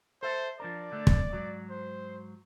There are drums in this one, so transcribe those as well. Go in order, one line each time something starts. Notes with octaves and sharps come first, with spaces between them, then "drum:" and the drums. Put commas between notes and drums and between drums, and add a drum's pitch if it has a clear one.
A4 C5 E5
F3 D4 A#4 D5
D3 A3
drum: kick
G#2 F#3
C5